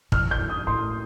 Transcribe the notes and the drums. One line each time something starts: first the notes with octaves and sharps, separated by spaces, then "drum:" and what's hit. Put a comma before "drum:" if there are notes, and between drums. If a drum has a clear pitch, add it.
F2 F6, drum: kick
G6
G2
D#6
A2 C6